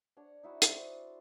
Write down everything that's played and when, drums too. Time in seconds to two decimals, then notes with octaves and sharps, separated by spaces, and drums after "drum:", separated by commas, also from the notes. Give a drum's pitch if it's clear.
0.17 D4 C#5 F#5
0.43 D#4 E4 F#4
0.62 C5 D5, drum: hi-hat